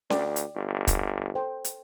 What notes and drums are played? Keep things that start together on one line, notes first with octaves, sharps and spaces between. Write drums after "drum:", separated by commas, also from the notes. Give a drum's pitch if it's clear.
D2 D5 G5, drum: snare C#4
drum: hi-hat
G1
drum: kick, hi-hat
A4 C5 G5
drum: hi-hat